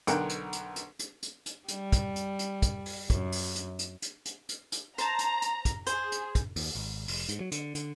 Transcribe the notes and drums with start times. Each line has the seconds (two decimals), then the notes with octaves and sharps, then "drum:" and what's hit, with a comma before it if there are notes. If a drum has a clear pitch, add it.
0.07 B1 D3 A#4 F#5 G5, drum: hi-hat
0.29 drum: hi-hat
0.53 drum: hi-hat
0.76 drum: hi-hat
0.99 drum: hi-hat
1.23 drum: hi-hat
1.46 drum: hi-hat
1.68 G3, drum: hi-hat
1.92 drum: kick, hi-hat
2.16 drum: hi-hat
2.39 drum: hi-hat
2.62 drum: kick, hi-hat
2.86 drum: open hi-hat
3.10 F#2, drum: kick, hi-hat
3.32 drum: open hi-hat
3.56 drum: hi-hat
3.79 drum: hi-hat
4.02 drum: hi-hat
4.25 drum: hi-hat
4.49 drum: hi-hat
4.72 drum: hi-hat
4.98 C5 A5 A#5, drum: hi-hat
5.19 drum: hi-hat
5.42 drum: hi-hat
5.65 drum: kick, hi-hat
5.87 G#4 C5, drum: hi-hat
6.12 drum: hi-hat
6.35 drum: kick, hi-hat
6.56 D#2, drum: open hi-hat
6.75 G#1
7.08 F1, drum: open hi-hat
7.29 G#2, drum: hi-hat
7.40 F#3
7.52 D3, drum: hi-hat
7.75 D3, drum: hi-hat